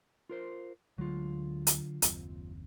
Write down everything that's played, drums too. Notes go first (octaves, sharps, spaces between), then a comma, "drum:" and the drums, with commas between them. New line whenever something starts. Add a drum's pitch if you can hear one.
F4 A#4 C5
D2 D3 F#3 G#3 A3 F4
drum: hi-hat
F#1 D#2 C4, drum: hi-hat